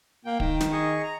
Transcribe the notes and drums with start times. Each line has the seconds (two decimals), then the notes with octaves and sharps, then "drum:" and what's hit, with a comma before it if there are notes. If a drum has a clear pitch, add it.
0.25 A#3 G5
0.40 D#3, drum: kick
0.61 drum: snare
0.72 G#4 D#5 C#6
1.03 A#5